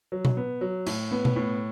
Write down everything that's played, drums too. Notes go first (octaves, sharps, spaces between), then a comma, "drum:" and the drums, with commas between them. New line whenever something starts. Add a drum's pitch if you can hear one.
F#3
drum: tom B2
B3
F#3
A2, drum: cymbal
B3
drum: tom B2
A2